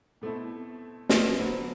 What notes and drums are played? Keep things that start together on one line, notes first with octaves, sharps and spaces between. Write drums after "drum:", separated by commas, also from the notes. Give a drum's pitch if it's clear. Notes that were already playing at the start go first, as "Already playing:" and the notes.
B2 A3 C4 E4 A4
B4, drum: snare
D3 F#3 B3 C5
C5